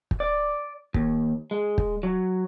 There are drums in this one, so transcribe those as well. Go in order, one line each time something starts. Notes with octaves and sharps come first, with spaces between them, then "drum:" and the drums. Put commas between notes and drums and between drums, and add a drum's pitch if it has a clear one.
drum: kick
D5
D#2, drum: kick
G#3
drum: kick
F#3